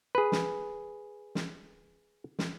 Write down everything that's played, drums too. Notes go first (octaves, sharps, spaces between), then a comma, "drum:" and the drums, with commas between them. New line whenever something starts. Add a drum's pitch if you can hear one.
G#4 B4
drum: snare
drum: snare
drum: snare